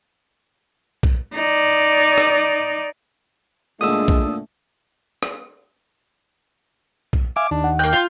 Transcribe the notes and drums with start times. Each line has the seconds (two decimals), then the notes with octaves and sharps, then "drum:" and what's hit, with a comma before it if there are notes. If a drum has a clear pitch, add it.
1.03 drum: kick B1
1.34 D#4 D5
2.18 drum: rim click
3.81 A#2 D3 G#3 A3 D4 D#6 E6
4.08 drum: kick B1
5.23 drum: rim click
7.13 drum: kick B1
7.36 E5 F5 G#5 D6
7.51 D#2 D4
7.64 F#5
7.79 A#3 G5 F#6 G6
7.93 F4